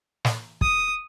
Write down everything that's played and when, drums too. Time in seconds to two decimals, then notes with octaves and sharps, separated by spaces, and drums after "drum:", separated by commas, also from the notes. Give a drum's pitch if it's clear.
0.25 drum: snare
0.61 D#6, drum: kick